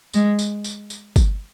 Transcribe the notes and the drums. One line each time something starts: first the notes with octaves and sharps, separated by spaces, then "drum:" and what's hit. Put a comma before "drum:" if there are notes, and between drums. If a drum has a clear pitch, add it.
G#3, drum: tambourine
drum: tambourine
drum: tambourine
drum: tambourine
drum: kick G1, tambourine